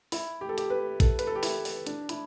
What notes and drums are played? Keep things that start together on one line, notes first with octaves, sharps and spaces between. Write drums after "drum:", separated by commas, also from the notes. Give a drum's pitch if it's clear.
E4, drum: open hi-hat
G4
A4
G4, drum: hi-hat
B4
A4, drum: kick, hi-hat
B4, drum: hi-hat
A4
G4
E4, drum: open hi-hat
drum: open hi-hat
D4, drum: hi-hat
E4, drum: hi-hat